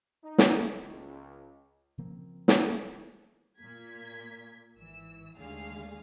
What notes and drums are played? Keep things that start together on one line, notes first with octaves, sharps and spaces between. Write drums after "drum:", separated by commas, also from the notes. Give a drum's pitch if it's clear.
D#4
drum: snare
C#2
C#3 F3 A#3 C4
drum: snare
A#2 A#3 G#6 B6
G#1 E3 E6
D#2 D3 G#3 A3 G#4 F5